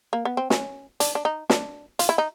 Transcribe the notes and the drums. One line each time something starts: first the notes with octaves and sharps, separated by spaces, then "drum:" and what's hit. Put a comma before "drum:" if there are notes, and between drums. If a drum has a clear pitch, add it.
A#3
B3
C4
C#4, drum: snare
D4, drum: hi-hat
D4
D#4
D4, drum: snare
F4, drum: hi-hat
E4
D#4